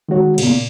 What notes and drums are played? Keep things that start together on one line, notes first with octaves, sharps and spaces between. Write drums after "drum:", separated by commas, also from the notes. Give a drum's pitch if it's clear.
D#3 G#3 F#4 C#5
C#3, drum: cymbal
A#2